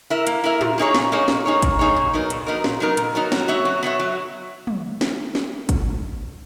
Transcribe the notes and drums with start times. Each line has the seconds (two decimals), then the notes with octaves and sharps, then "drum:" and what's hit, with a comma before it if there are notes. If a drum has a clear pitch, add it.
0.10 E4 A#4 E5
0.27 A#3, drum: hi-hat
0.44 E4 A#4 E5
0.61 A#2, drum: tom
0.78 A#3 D#4 G#4 C#5
0.94 A#2, drum: snare
1.12 A#3 D#4 G#4 C#5
1.28 A#2, drum: snare
1.46 A#3 D#4 G#4 C#5
1.62 A#2, drum: kick, hi-hat
1.79 A#3 D#4 G#4 C#5
1.96 A#2
2.13 F#3 B3 D#4 A#4
2.30 A#2, drum: hi-hat
2.46 F#3 B3 D#4 A#4
2.64 A#2, drum: snare
2.80 F#3 B3 D#4 A#4
2.97 A#2, drum: hi-hat
3.15 F#3 B3 D#4 A#4
3.32 F#3, drum: snare
3.48 B3 F#4 C#5 E5
3.65 F#3
3.83 B3 F#4 C#5 E5
3.99 F#3
4.67 drum: tom
5.01 drum: snare
5.35 drum: snare
5.69 drum: kick, hi-hat